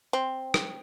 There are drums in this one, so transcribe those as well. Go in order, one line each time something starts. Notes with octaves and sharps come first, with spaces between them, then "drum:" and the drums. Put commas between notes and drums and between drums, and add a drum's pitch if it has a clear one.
C4
drum: rim click